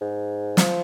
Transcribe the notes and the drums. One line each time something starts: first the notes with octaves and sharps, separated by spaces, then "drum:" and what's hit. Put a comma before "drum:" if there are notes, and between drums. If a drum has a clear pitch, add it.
G#2
F3, drum: snare